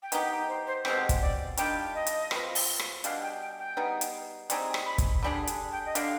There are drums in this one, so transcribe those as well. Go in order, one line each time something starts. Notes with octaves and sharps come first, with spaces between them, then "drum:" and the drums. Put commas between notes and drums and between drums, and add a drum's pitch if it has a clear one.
G5
D#3 B3 D#4 G4 G#5, drum: hi-hat
G5
C5
C5
B2 G#3 C4 G4 C5, drum: rim click
drum: kick, hi-hat
D5
D#3 G3 D4 F4 G5, drum: hi-hat
D#5
drum: hi-hat
F3 C4 F4 B4, drum: rim click
drum: open hi-hat
drum: rim click
B2 G3 D4 G#4 F5, drum: hi-hat
G5
G5
G5
G3 B3 D#4 G#4
drum: hi-hat
G3 C4 D#4 G#4 G#5, drum: hi-hat
drum: rim click
B5
drum: kick, hi-hat
D3 G3 D4 G#4 B5
G#5, drum: hi-hat
G5
D#5
D3 G3 D4 F5, drum: hi-hat